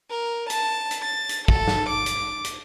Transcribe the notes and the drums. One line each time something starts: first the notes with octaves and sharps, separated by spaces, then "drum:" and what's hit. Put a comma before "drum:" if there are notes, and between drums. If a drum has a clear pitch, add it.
A#4
A5, drum: hi-hat
drum: hi-hat
A6
drum: hi-hat
A4, drum: kick
drum: snare
D6
drum: hi-hat
drum: hi-hat